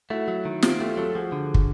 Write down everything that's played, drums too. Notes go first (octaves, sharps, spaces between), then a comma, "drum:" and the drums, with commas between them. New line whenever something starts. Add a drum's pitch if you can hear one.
A3 E4 F#4
F#3
D#3
C4 F4 G4, drum: snare
A3 F4 G4
F#3 G4 A4
F3 F#4 G#4
D3
drum: kick